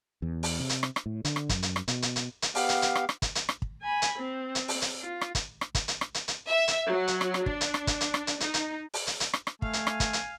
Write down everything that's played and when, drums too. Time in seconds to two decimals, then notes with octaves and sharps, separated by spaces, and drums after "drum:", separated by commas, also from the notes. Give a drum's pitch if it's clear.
0.22 E2
0.43 drum: open hi-hat
0.59 C3
0.69 drum: hi-hat
0.83 drum: rim click
0.96 drum: rim click
1.06 A2
1.25 D3, drum: hi-hat
1.36 drum: rim click
1.49 F#2, drum: kick, hi-hat
1.63 drum: hi-hat
1.76 drum: rim click
1.88 B2, drum: hi-hat
2.02 drum: hi-hat
2.16 drum: hi-hat
2.42 drum: hi-hat
2.55 B3 G4 F5, drum: open hi-hat
2.69 drum: hi-hat
2.82 drum: hi-hat
2.95 drum: rim click
3.09 drum: rim click
3.22 drum: kick, hi-hat
3.35 drum: hi-hat
3.49 drum: rim click
3.62 drum: kick
3.82 G#5 B5
4.02 drum: hi-hat
4.18 C4
4.55 drum: hi-hat
4.68 drum: open hi-hat
4.82 drum: hi-hat
5.01 F4
5.21 drum: rim click
5.35 drum: kick, hi-hat
5.61 drum: rim click
5.75 drum: kick, hi-hat
5.88 drum: hi-hat
6.01 drum: rim click
6.14 drum: hi-hat
6.28 drum: hi-hat
6.47 E5
6.68 drum: hi-hat
6.89 F#3
7.07 drum: hi-hat
7.21 drum: rim click
7.34 drum: rim click
7.46 D4, drum: kick
7.61 drum: hi-hat
7.74 drum: rim click
7.87 drum: kick, hi-hat
8.01 drum: hi-hat
8.14 drum: rim click
8.27 drum: hi-hat
8.40 D#4, drum: hi-hat
8.54 drum: hi-hat
8.94 drum: open hi-hat
9.07 drum: hi-hat
9.20 drum: hi-hat
9.33 drum: rim click
9.47 drum: rim click
9.62 A3 F5 G#5, drum: kick
9.73 drum: hi-hat
9.87 drum: rim click
10.00 drum: kick, hi-hat
10.13 drum: hi-hat